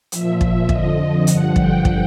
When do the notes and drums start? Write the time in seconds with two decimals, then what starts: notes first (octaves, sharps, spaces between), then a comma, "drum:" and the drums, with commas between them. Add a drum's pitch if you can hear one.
0.12 A#2 F3 E5, drum: hi-hat
0.41 drum: kick
0.69 F2 D3 F3 D#5, drum: kick
1.27 G2 D3 F3 F#5, drum: hi-hat
1.56 G5, drum: kick
1.85 drum: kick